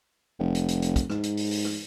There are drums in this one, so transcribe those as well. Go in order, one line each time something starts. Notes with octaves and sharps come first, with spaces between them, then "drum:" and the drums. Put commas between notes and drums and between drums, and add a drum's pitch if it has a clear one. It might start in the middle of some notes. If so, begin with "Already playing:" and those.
F1
drum: hi-hat
drum: hi-hat
drum: hi-hat
drum: kick, hi-hat
G#2, drum: rim click
drum: hi-hat
drum: open hi-hat
drum: open hi-hat
drum: rim click